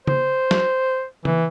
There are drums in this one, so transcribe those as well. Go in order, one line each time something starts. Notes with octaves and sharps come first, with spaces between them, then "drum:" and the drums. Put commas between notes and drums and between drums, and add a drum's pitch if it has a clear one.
C5, drum: tom
drum: snare
E3, drum: tom